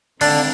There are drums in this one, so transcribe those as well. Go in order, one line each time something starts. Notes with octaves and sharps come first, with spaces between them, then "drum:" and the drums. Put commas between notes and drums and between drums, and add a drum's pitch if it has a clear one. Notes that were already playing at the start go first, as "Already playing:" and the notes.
D3 D#3 G#3 C4 D4 D#4, drum: open hi-hat